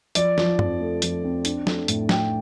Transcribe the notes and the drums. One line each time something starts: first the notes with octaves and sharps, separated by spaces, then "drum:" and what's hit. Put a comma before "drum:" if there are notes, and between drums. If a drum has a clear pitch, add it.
F3 D5, drum: hi-hat
F3, drum: snare
F2, drum: tom
A3
F3, drum: hi-hat
C4
D4, drum: hi-hat
A3, drum: snare
A2, drum: hi-hat
A3 G5, drum: snare